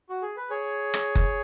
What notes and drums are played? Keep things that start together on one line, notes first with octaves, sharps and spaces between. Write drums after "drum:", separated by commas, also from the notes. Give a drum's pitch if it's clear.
F#4
G#4
B4
G#4 C#5
drum: rim click
drum: kick F#1